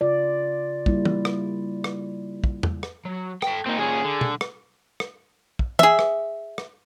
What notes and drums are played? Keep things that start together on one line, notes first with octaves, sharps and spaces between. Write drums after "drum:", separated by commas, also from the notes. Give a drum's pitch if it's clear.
C#3 F4 D5
G3 A#3 E4, drum: kick
drum: tom
drum: rim click
drum: rim click
drum: kick
drum: tom
drum: rim click
F#3
A4 G5, drum: rim click
A#2 C4 D#4
A#2 C#4 G#4
D3
drum: tom
drum: rim click
drum: rim click
drum: kick
G#4 E5, drum: tom
drum: rim click
drum: rim click